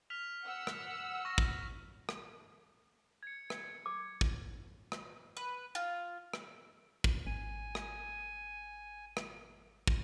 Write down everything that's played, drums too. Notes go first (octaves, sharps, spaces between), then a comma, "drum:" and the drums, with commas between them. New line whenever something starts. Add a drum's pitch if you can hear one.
F6 B6 F7
F#5 E6
drum: rim click
C#6 A#6
drum: kick
drum: rim click
G#6 C#7
drum: rim click
D6
drum: kick
drum: rim click
B4
F4
drum: rim click
drum: kick
G#1 G#5
drum: rim click
drum: rim click
drum: kick